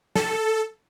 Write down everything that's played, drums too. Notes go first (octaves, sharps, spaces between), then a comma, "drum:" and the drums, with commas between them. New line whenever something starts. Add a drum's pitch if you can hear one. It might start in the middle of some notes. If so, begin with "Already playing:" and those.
A4, drum: snare